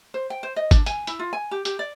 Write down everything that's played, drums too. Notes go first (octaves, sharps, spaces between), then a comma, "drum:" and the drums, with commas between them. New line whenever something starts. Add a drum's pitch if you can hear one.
C5
G5
C5
D#5
D4, drum: kick G#1, hi-hat
G#5, drum: hi-hat
E4, drum: hi-hat
F4
G#5
G4
G4, drum: hi-hat
D5